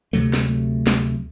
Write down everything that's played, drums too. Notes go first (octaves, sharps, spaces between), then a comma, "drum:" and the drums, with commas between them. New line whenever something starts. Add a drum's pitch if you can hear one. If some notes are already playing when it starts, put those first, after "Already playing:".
D2 C3 F#3 A3
drum: snare
drum: snare